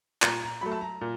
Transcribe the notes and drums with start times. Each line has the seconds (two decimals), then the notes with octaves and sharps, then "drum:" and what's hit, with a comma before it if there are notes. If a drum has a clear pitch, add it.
0.22 A#2 A#5, drum: clap
0.43 A#5
0.61 F#3 A3 B5
0.72 A5
0.81 A#5
1.01 A#2